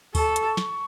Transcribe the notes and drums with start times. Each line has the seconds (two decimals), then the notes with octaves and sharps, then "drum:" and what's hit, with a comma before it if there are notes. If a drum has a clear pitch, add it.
0.15 A4 C#6, drum: kick, open hi-hat
0.36 drum: hi-hat
0.57 drum: snare